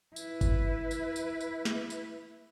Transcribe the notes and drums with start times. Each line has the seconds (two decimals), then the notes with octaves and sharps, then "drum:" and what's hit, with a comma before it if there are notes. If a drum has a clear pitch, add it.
0.16 E4 B4, drum: tambourine
0.41 drum: kick G1, tambourine
0.91 drum: tambourine
1.16 drum: tambourine
1.41 drum: tambourine
1.65 drum: snare
1.90 drum: tambourine